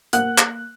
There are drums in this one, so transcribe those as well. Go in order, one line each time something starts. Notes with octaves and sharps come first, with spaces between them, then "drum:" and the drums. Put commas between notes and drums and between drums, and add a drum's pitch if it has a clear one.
A#3 F#5 F#6, drum: hi-hat
drum: clap